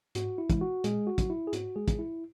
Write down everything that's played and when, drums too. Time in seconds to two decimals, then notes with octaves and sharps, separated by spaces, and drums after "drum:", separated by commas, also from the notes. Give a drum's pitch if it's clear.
0.15 G#2 F#4, drum: hi-hat
0.38 E4
0.50 E3 G#3, drum: kick, hi-hat
0.61 F#4
0.84 A#2 G#3 G#4, drum: hi-hat
1.07 F#4
1.18 F#3, drum: kick, hi-hat
1.30 E4
1.48 G#4
1.53 G#2 F#4, drum: hi-hat
1.76 G#3 G#4
1.88 E3 G#3, drum: kick, hi-hat
1.99 E4